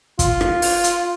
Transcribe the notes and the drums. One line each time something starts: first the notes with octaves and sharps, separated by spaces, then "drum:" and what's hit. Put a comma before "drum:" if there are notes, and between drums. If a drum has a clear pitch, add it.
F4, drum: kick, hi-hat
drum: rim click
drum: open hi-hat
drum: hi-hat